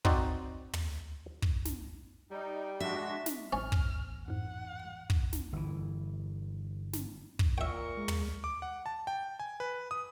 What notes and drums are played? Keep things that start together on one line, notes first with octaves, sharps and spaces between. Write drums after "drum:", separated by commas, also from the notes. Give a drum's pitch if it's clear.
C4 D#4 F#4 C5 D5, drum: kick
drum: tom
drum: kick
drum: snare
G3 D#4
G#3 D4 F#4 E5
drum: snare
A1 B3 C#4 F6
drum: kick
F2 G#2 F#5
drum: kick
drum: snare
G1 E3
drum: snare
drum: kick
A#2 A#4 E5 G5 C#6
G#3
drum: tom
D6
F#5
A5
G5
G#5
B4
D#6